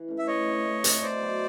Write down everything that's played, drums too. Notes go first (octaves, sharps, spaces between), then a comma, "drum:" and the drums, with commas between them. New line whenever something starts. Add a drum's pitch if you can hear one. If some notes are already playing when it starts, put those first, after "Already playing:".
Already playing: E3
A3 C#4
E5
A3 C#5 D#5
C4 D#4
A3
C4 D#4, drum: hi-hat
B2 C5 D5
F#3 B3 D#4